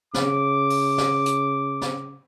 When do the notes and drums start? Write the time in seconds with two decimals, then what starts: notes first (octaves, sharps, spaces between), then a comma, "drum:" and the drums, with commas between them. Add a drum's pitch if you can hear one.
0.14 C#3 D6, drum: snare
0.70 drum: open hi-hat
0.98 drum: snare
1.26 drum: hi-hat
1.81 drum: snare